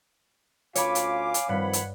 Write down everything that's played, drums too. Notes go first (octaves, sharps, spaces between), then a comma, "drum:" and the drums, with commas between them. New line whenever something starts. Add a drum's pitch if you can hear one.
D2 C#4 F4 C#5 F5 G#5 B5 D6, drum: hi-hat
drum: hi-hat
drum: hi-hat
G2 D#3 F3 C4 C#5 F#5 B5
drum: hi-hat